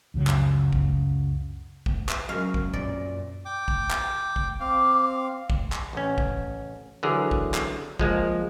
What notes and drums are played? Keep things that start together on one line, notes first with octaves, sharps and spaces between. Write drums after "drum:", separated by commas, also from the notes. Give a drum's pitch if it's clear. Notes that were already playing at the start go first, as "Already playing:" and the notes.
C#2 F#2 C#3 F#3
drum: clap
drum: kick
drum: kick
drum: clap
F#3 C#4 A#4 F5
drum: kick
F#2 A#2 D5
G5 D6
drum: kick
drum: clap
drum: kick
C4 F5 D6
drum: kick
drum: clap
A1 C#4
drum: kick
D3 E3 F#3 G#4 A#4
drum: kick
drum: clap
F3 G#3 A#3, drum: kick